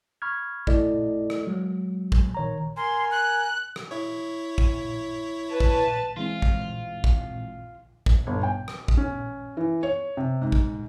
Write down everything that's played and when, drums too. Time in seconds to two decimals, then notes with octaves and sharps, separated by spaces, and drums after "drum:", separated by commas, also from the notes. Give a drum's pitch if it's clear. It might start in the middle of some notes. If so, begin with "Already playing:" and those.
0.22 B5 C#6 F6 G#6
0.67 A3 E4 A4 D5 D#5, drum: kick
1.30 drum: rim click
1.47 F#3 G#3
2.12 drum: kick
2.35 D#3 C#5 A#5
2.77 A#4 G#5 C6
3.11 F#6
3.76 drum: rim click
3.91 E4 C#5
4.58 drum: kick
5.50 B4 A5
5.60 drum: kick
6.17 E3 G#3 C4 F4
6.42 drum: kick
7.04 drum: kick
8.06 drum: kick
8.27 G1
8.43 G5
8.68 drum: rim click
8.88 drum: kick
8.97 C#4
9.57 E3
9.83 C#5
10.17 C3
10.42 G#2
10.52 drum: kick